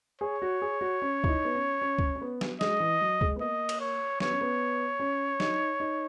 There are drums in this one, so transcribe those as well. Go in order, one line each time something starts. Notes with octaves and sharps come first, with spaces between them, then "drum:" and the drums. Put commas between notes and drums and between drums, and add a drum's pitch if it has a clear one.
G#4 C#5
F#4
G#4
F#4
C#4
E4, drum: kick C#2
D#4
B3
C#4
C#4
drum: kick C#2
C#4
B3
drum: snare
G#3 D#5, drum: snare
E3
F#3
G#3, drum: kick C#2
B3
A#3 D#5
drum: cymbal
C#5
B3 C#5, drum: snare
C#4
B3
C#4
D#4, drum: snare
D#4